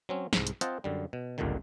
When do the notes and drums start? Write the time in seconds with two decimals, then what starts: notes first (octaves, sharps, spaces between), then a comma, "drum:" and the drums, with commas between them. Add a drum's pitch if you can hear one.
0.09 F#3 C4 C#4
0.33 C2 G#2, drum: snare
0.47 drum: hi-hat
0.61 C4 F4 C5 D#5 F#5 A5, drum: hi-hat
0.84 F#2 D3 G3
1.13 B2
1.38 G#1 C#2 G2 A#2 D3 D#3